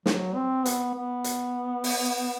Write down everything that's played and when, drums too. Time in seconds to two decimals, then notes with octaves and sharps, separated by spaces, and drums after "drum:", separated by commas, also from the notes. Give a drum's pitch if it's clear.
0.06 F#3, drum: snare
0.35 C4
0.66 B3, drum: hi-hat
0.95 B3
1.24 drum: hi-hat
1.84 drum: open hi-hat